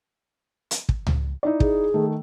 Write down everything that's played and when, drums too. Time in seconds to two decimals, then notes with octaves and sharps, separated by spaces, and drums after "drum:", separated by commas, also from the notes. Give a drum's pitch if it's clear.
0.71 drum: hi-hat
0.89 drum: kick
1.07 drum: tom C#2
1.43 D#4 E4 D5
1.60 G#4, drum: kick
1.94 D#3 A3